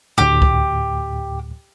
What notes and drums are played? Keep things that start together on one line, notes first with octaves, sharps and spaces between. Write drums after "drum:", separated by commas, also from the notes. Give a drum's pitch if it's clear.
D2 A2 G4
drum: kick C#2